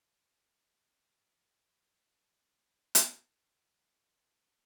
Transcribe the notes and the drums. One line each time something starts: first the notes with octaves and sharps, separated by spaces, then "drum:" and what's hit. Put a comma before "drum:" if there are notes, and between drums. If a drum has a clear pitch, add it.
G3
A3
B3
C4
D4
D#4
D4
E4
drum: hi-hat
E4
D4